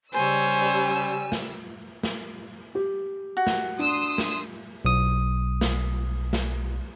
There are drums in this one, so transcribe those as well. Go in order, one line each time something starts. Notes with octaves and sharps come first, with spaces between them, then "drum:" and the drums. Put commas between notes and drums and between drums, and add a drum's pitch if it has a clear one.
C#3 G3 C5 C#5 G#5 E6
drum: snare
drum: snare
G4
F#4
drum: snare
D4 C6 D#6 E6
drum: snare
B1 D#6
drum: snare
drum: snare